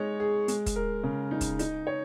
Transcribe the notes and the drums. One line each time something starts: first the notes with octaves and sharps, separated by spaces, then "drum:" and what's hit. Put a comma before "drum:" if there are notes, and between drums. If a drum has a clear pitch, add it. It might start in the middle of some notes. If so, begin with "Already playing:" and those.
Already playing: G#3 D#4 C#5
G#4
G#3, drum: hi-hat
drum: kick, hi-hat
A#4
C#3
D#4
drum: kick, hi-hat
D#4, drum: hi-hat
C#5